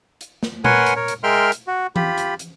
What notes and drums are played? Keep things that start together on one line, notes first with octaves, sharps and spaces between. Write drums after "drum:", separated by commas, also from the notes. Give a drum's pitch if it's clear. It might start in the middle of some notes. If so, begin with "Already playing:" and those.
drum: hi-hat
drum: snare
A#4 B4 C#5 F#5 G#5 C6, drum: tom A#2
drum: hi-hat
A#4 C#5
drum: hi-hat
G#3 A#4 E5 G5 C6 F6
drum: hi-hat
F#4
F4 G4 B5, drum: tom E3
drum: hi-hat
drum: hi-hat